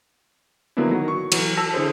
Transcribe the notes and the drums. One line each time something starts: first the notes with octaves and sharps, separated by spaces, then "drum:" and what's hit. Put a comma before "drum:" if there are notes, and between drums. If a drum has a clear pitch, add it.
D3 F#3 A#3 B3 D4 E4
D#3 F#3
C#6
E3 F#3, drum: cymbal
A5 E6 A#6
D3 E4 G#4 C5 C#5